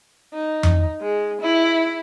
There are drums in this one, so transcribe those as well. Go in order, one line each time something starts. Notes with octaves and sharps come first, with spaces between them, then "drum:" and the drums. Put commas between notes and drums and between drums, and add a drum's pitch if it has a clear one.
D#4
drum: tom F2
G#3
E4